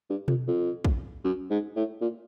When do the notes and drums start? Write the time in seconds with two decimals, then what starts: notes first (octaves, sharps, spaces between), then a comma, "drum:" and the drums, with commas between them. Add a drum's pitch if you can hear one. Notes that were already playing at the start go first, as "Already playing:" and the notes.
0.10 G2
0.28 F2, drum: tom B2
0.47 F2
0.85 drum: kick
1.24 F#2
1.50 G#2
1.76 A2
2.01 A#2